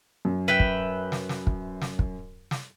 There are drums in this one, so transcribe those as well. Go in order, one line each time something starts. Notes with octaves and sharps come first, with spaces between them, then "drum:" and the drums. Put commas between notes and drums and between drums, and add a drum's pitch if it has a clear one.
F#2
B4 E5 G5
drum: kick
drum: snare
drum: snare
drum: kick
drum: snare
drum: kick
drum: snare